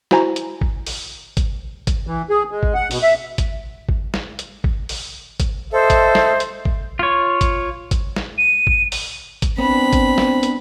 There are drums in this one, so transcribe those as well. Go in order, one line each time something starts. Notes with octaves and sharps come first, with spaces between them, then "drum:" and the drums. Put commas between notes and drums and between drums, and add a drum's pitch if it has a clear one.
E4 F#4 C5 G#5 A#5, drum: snare
drum: hi-hat
drum: kick G#1
drum: open hi-hat
drum: kick G#1, hi-hat
drum: kick G#1, hi-hat
E3
G#4
G#3
drum: kick G#1
F#5
B2, drum: open hi-hat
E5
drum: kick G#1, hi-hat
drum: kick G#1
drum: snare
drum: hi-hat
drum: kick G#1
drum: open hi-hat
drum: kick G#1, hi-hat
A4 C5 D#5 E5
drum: kick G#1, hi-hat
drum: snare
drum: hi-hat
drum: kick G#1
F4 C#5
drum: kick G#1, hi-hat
drum: kick G#1, hi-hat
drum: snare
D#7
drum: kick G#1
drum: open hi-hat
drum: kick G#1, hi-hat
B3 C4 D4 B5
drum: kick G#1, hi-hat
drum: snare
drum: hi-hat